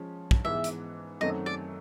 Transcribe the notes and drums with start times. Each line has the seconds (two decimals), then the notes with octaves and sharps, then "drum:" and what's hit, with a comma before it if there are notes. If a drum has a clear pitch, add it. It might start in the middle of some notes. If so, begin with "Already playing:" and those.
Already playing: F3 G#3 C#4
0.31 drum: kick
0.45 G#2 E3 G#3 B3 E5
0.64 drum: hi-hat
1.21 F#2 D#3 F#3 A3 C4 D#5
1.46 D5